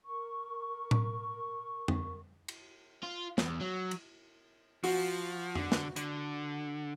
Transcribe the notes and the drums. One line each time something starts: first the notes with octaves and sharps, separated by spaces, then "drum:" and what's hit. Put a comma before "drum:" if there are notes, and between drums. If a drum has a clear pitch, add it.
A#4 C#6
drum: tom A2
drum: tom F2
drum: cymbal
F4
E2, drum: snare
F#3
drum: cymbal
F3 F#4, drum: open hi-hat
D3, drum: tom F2
drum: snare
D3, drum: hi-hat